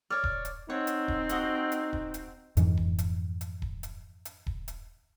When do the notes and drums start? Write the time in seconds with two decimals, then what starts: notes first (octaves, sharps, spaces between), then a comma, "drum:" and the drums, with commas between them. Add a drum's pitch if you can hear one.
0.10 C#5 D5 F6
0.24 drum: kick D#1
0.45 drum: hi-hat
0.70 C4 D#4 C#5 F#5
0.87 drum: hi-hat
1.08 drum: kick D#1
1.29 F#4 D#5 F#5, drum: hi-hat
1.72 drum: hi-hat
1.93 drum: kick D#1
2.14 drum: hi-hat
2.57 F2 G#2 E3, drum: hi-hat
2.77 drum: kick D#1
2.98 drum: hi-hat
3.41 drum: hi-hat
3.62 drum: kick D#1
3.83 drum: hi-hat
4.25 drum: hi-hat
4.47 drum: kick D#1
4.68 drum: hi-hat